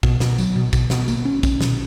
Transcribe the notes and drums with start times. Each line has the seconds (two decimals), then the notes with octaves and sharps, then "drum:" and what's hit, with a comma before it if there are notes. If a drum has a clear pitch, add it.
0.03 B2, drum: kick
0.20 B2, drum: snare
0.38 F#3, drum: tambourine
0.56 B2
0.73 B2, drum: kick, tambourine
0.90 B2, drum: snare
1.08 A#3, drum: tambourine
1.25 C#4
1.43 C#4, drum: kick, tambourine
1.61 B2, drum: snare